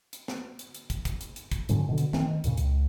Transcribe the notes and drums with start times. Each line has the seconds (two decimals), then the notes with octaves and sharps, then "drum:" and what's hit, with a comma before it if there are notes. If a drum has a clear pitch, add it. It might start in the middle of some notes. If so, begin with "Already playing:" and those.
0.13 drum: hi-hat
0.28 drum: snare
0.59 drum: hi-hat
0.75 drum: hi-hat
0.90 drum: kick, hi-hat
1.05 drum: kick, hi-hat
1.21 drum: hi-hat
1.36 drum: hi-hat
1.52 drum: kick, hi-hat
1.69 G#2 D3 F#3 C#4, drum: hi-hat
1.89 B2 D3
1.98 drum: hi-hat
2.13 D#3 A3 C4 C#4, drum: snare
2.26 D#3
2.44 E2 A#2 C#3, drum: hi-hat
2.57 C#2, drum: hi-hat